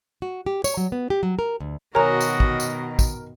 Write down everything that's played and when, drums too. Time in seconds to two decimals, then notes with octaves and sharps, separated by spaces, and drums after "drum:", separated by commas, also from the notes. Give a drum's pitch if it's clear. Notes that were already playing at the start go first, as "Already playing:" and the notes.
0.22 F#4
0.46 G4
0.64 C#5, drum: tambourine
0.77 F#3
0.92 B3
1.10 G4
1.23 F#3
1.39 A#4
1.60 D2
1.95 B2 D#3 F#4 A#4 C#5 D#5 G#5 A#5
2.21 drum: tambourine
2.40 drum: kick
2.60 drum: tambourine
2.99 drum: kick, tambourine